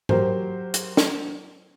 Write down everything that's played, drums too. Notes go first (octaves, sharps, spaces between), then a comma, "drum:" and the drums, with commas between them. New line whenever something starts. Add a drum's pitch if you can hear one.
F#3 G4 A#4 C5, drum: tom G#2
drum: hi-hat
drum: snare